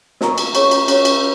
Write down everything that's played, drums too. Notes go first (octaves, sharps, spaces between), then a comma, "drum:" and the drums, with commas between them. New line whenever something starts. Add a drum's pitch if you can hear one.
A#4 F5 A#5 C#6, drum: snare
drum: cymbal
C#4 G#4 C#5 F5 C#6, drum: cymbal
drum: cymbal
C#4 G#4 C#5 F5 C#6, drum: cymbal
drum: cymbal